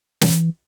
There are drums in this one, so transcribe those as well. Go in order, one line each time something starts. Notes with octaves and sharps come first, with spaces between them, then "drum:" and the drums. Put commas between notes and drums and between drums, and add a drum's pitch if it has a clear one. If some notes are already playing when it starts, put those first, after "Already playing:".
E3, drum: snare